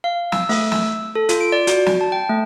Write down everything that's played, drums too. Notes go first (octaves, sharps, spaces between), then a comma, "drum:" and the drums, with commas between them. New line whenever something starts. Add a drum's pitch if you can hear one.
F5
E6, drum: snare
A3, drum: open hi-hat
E6, drum: snare
A4
F4, drum: hi-hat
D7
D5
F#4, drum: hi-hat
drum: snare
A5
G5
A3